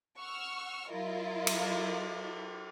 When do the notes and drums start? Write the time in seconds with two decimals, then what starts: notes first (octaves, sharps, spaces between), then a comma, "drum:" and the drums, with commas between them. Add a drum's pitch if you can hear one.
0.19 F#5 C#6 E6 F6
0.90 F#3 E4 F4 A#4 D#5
1.47 drum: cymbal